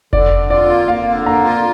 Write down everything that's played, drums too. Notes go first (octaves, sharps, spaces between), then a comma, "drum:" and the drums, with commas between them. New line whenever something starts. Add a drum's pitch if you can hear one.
D3 D5, drum: kick F1
D3
F4 D5
A#3
A#3 F5
D3
A#3 A#5
F4